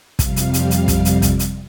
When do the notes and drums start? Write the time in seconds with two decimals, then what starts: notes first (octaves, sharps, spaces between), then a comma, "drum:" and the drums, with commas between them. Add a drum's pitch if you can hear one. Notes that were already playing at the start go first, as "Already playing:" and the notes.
0.19 F2 C3 G3 F5, drum: kick, hi-hat
0.36 drum: hi-hat
0.54 drum: hi-hat
0.71 drum: hi-hat
0.88 drum: kick, hi-hat
1.05 drum: hi-hat
1.22 drum: kick, hi-hat
1.39 drum: hi-hat